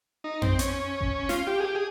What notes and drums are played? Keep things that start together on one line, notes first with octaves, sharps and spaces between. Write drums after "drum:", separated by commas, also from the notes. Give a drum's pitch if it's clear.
D#4
C4, drum: tom F2
C#4, drum: hi-hat
drum: kick G1
F4, drum: snare
G4
G#4
G4
G#4